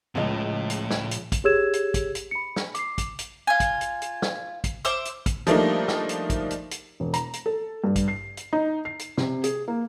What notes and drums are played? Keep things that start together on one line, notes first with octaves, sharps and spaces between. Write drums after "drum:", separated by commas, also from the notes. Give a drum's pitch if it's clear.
C#2 A2 F3 G#3 F4 D#5
drum: hi-hat
drum: snare
drum: hi-hat
drum: kick, hi-hat
G4 G#4 C#5 E6 G#6 E7
drum: hi-hat
drum: kick, hi-hat
drum: hi-hat
B5 C#7
drum: snare
D6 C7, drum: hi-hat
drum: kick, hi-hat
drum: hi-hat
F4 G#5
drum: kick, hi-hat
drum: hi-hat
drum: hi-hat
drum: snare
drum: kick, hi-hat
C5 E5 D6, drum: hi-hat
drum: hi-hat
drum: kick, hi-hat
F3 G3 A3 A#3 D4 D#4, drum: hi-hat
drum: snare
drum: hi-hat
drum: kick, hi-hat
drum: hi-hat
drum: hi-hat
E1
A#5, drum: hi-hat
drum: hi-hat
A4
G2
drum: kick, hi-hat
C7
drum: hi-hat
D#4
C7
drum: hi-hat
C3, drum: snare
G#4, drum: hi-hat
A#3